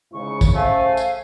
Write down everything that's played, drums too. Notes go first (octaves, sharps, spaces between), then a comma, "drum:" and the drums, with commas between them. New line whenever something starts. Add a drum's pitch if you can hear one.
G#2 C#3 E4 C#6
drum: kick, tambourine
C#3 A3 A4 C5 F5 G#5
drum: tambourine